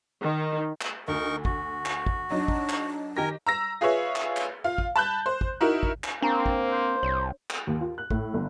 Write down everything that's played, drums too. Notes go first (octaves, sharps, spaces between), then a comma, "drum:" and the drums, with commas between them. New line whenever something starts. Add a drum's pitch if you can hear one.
D#3
drum: clap
D2 D#4 A#4 C#6
F#4, drum: kick
drum: clap
drum: kick
F#3 D4 D#4
drum: kick
drum: clap
D#3 G4 A#4 G#5 A#6
A#5 E6 A#6
F4 G#4 B4 C#5 E5
drum: clap
drum: clap
F4 F5
drum: kick
A5 B5 F#6 G6
C5
drum: kick
D#4 E4 F#4 A#4
drum: kick
drum: clap
A#3 C4 D4 A#5 C#6
drum: kick
C5
C2 C#5
drum: clap
D#2
F4
F#6
A2, drum: kick
G1